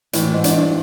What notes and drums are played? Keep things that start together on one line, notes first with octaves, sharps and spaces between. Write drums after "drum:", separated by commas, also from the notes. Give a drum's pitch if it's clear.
A2 E3, drum: hi-hat
G#2
D4, drum: hi-hat
G2